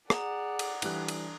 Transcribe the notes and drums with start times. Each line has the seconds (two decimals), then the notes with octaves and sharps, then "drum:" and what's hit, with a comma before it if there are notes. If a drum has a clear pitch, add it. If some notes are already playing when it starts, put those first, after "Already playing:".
0.10 G#4 D5 F#5 A#5 D#6 F7, drum: rim click
0.59 drum: cymbal
0.82 E3 G3 D4 F#6, drum: cymbal
1.08 drum: cymbal